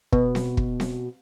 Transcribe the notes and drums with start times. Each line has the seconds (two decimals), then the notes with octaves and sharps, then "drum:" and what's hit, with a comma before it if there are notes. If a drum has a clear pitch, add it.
0.12 B2, drum: kick
0.35 drum: snare C4
0.57 drum: kick
0.80 drum: snare C4